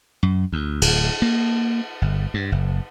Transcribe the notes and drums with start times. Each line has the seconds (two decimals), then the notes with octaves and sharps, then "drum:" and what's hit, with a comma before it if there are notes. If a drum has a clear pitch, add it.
0.23 F#2
0.52 D2
0.82 D1, drum: cymbal
1.22 A#3
2.02 G1
2.34 G2
2.52 F#1